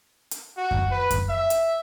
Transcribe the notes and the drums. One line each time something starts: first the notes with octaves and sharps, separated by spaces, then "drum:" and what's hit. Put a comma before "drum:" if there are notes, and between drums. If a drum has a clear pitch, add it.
drum: hi-hat
F#4
drum: kick F#2
B4
drum: kick F#2, hi-hat
E5
drum: hi-hat